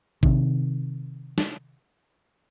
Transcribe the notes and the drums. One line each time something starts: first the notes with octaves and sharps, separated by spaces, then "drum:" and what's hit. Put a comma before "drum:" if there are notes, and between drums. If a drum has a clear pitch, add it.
C3 D#3, drum: kick A1
drum: snare